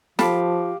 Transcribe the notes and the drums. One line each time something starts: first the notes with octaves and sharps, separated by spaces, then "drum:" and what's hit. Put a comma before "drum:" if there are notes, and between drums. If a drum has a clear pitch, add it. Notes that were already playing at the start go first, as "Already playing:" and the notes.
F3 F4 G4 A4 F5 A5 B5 D6, drum: snare